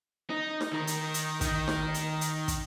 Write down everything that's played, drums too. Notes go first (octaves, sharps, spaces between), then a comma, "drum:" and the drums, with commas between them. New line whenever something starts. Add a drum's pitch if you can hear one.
D#4
drum: snare D#4
D#3 A#4
drum: hi-hat
drum: hi-hat
D#3 D#4, drum: kick, hi-hat
drum: snare D#4
drum: hi-hat
drum: hi-hat
drum: kick, hi-hat